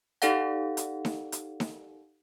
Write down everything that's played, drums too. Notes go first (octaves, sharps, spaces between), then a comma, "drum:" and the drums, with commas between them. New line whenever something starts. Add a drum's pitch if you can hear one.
D#4 G4 A4 D5 F5 F#5, drum: hi-hat
drum: hi-hat
drum: snare D#4
drum: hi-hat
drum: snare D#4